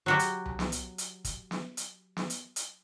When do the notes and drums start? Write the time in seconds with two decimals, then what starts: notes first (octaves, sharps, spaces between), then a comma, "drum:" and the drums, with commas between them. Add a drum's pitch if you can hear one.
0.06 F#3 F#4 G4
0.19 drum: hi-hat
0.46 drum: tom C2
0.59 drum: snare
0.72 drum: hi-hat
0.98 drum: hi-hat
1.25 drum: kick, hi-hat
1.51 drum: snare
1.77 drum: hi-hat
2.17 drum: snare
2.30 drum: hi-hat
2.56 drum: hi-hat